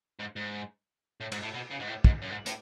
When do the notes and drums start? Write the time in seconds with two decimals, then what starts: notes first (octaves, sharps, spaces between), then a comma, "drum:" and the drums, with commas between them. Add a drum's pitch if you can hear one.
0.20 G#2
0.36 G#2
1.20 A2
1.32 G#2, drum: cymbal
1.43 A2
1.54 B2
1.71 C#3
1.80 G#2
1.88 A2
2.04 G#2, drum: kick
2.22 F#2
2.30 G#2
2.46 A2, drum: hi-hat